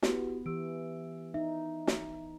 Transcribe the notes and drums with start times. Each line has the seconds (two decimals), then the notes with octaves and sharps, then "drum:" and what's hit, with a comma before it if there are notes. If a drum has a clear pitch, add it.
0.03 B3 E4 F#4 G4, drum: snare
0.46 E3 G4 E6 D7
1.34 D#4 E5
1.87 drum: snare